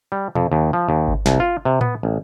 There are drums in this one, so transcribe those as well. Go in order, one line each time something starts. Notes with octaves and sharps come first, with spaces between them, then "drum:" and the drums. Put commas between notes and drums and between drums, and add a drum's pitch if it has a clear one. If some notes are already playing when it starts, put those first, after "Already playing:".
G3
F2, drum: tom B2
D#2
F3
D#2
drum: kick G#1
C2, drum: snare
F4
C3
B3, drum: tom A2
A1